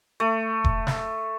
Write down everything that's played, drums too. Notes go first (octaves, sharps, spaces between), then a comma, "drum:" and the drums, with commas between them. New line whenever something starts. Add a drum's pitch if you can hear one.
A3
drum: kick E1
drum: snare